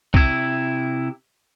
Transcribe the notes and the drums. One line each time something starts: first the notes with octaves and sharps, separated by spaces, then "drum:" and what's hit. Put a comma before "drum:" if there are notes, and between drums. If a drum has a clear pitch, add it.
C3 E4, drum: kick C2